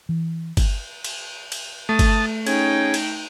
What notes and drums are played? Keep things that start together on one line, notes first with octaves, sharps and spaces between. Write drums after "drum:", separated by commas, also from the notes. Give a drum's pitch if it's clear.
E3
drum: kick G1, cymbal
drum: cymbal
drum: cymbal
A3 A5 D#6
drum: kick G1, cymbal
C#4 D#4 G#4 G5, drum: cymbal
drum: cymbal